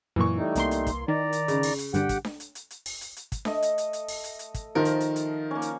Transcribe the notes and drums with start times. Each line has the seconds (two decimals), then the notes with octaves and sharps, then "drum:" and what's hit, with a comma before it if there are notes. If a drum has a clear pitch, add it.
0.16 F#2 A#2 E3 C#6
0.37 G3 A3 D#4
0.55 C2 A#3 C6, drum: hi-hat
0.71 drum: hi-hat
0.87 drum: kick, hi-hat
1.08 D#3 D5 A#5
1.33 drum: hi-hat
1.48 C#3, drum: hi-hat
1.63 drum: open hi-hat
1.79 drum: hi-hat
1.94 G2 D3 G4 F#5 G5, drum: hi-hat
2.09 drum: kick, hi-hat
2.25 drum: snare D4
2.40 drum: hi-hat
2.55 drum: hi-hat
2.71 drum: hi-hat
2.86 drum: open hi-hat
3.01 drum: hi-hat
3.16 drum: hi-hat
3.32 drum: kick, hi-hat
3.45 A3 D#5, drum: snare D4
3.62 drum: hi-hat
3.78 drum: hi-hat
3.93 drum: hi-hat
4.08 drum: open hi-hat
4.24 drum: hi-hat
4.39 drum: hi-hat
4.54 drum: kick, hi-hat
4.75 D#3 F3 A#4
4.85 drum: hi-hat
5.00 drum: hi-hat
5.16 drum: hi-hat
5.51 A#3 C#4
5.62 drum: hi-hat